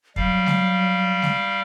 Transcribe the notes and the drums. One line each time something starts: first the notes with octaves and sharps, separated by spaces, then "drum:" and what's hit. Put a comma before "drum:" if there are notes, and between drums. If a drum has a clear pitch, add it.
F#3 G3 F5, drum: kick
drum: snare G#3
drum: snare G#3